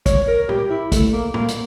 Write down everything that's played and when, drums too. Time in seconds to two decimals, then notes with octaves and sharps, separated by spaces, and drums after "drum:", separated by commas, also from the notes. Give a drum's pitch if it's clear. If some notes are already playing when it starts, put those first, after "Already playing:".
0.06 C#5, drum: kick, hi-hat
0.28 A#4
0.49 G4, drum: tom
0.70 E4
0.92 A3, drum: kick, hi-hat
1.13 A#3
1.34 A#3, drum: tom
1.48 drum: hi-hat